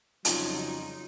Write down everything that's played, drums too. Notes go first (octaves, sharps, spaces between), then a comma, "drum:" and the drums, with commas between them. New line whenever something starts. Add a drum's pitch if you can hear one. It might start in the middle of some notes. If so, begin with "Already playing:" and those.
F2 C#3 F#3 G3 D#4 F4, drum: hi-hat